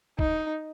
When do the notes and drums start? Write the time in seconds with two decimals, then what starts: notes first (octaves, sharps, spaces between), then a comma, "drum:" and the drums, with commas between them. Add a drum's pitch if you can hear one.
0.19 D#4, drum: kick